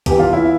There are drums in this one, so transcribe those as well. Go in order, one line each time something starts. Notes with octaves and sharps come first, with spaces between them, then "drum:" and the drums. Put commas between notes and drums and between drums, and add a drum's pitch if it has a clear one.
E2 E3 G4, drum: kick, hi-hat
F4
E4